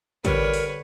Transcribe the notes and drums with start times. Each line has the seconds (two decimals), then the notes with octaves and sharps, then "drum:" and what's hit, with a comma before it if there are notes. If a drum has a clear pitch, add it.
0.25 D3 G3 A#4 B4 C#5, drum: kick, hi-hat
0.54 drum: open hi-hat